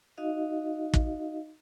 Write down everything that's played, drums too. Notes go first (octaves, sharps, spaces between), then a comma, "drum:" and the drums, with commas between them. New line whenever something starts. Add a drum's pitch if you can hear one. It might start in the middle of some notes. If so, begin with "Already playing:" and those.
D#4 F#4 D#5 F5
drum: kick